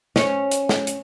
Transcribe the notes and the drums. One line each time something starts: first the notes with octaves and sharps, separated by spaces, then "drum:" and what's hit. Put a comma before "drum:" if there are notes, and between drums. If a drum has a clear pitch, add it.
C#4, drum: snare
drum: hi-hat
drum: snare
drum: hi-hat